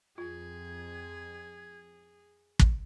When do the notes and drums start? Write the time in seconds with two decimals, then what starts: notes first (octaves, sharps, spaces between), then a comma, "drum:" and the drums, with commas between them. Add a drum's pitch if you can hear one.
0.18 F2 F4 G#4 G#6
2.59 drum: kick